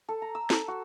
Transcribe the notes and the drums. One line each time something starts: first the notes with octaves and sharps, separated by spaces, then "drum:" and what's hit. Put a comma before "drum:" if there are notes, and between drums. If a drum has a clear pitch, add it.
A4
A#5
E6
A4, drum: snare
F#4